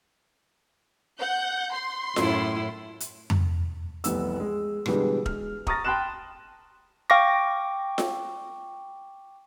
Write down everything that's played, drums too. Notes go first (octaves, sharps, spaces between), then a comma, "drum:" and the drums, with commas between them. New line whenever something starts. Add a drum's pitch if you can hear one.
F#5 G6
C6
F#2 A2 E4, drum: snare F4
drum: hi-hat
drum: tom F2
F1 C2 E3 B3 B4 E6, drum: hi-hat
G#3
B2 D3 E3 G3 G#3, drum: rim click
G#3 F6, drum: kick E1
A#5 C#6 D#6 F6 A6 A#6, drum: kick E1
G5 A5 B5 C6 F#6 E7
F5 G5 C#6 D6 A#6
drum: snare F4